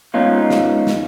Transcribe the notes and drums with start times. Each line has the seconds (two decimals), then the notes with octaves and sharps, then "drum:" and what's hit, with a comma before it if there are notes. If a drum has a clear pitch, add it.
0.14 G#2 B3 C#4 D#4 F4
0.50 drum: snare
0.87 drum: snare